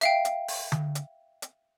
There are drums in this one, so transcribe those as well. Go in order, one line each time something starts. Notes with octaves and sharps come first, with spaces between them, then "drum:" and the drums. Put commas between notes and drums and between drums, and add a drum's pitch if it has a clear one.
E5 F5 G5, drum: hi-hat
drum: hi-hat
drum: open hi-hat
drum: tom D3
drum: hi-hat
drum: hi-hat